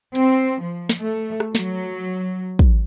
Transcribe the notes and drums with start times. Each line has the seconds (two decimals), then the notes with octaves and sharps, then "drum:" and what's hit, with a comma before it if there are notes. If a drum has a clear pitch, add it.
0.15 C4, drum: hi-hat
0.60 F3
0.89 drum: snare
0.99 A3
1.40 drum: rim click
1.55 F#3, drum: snare
2.59 drum: kick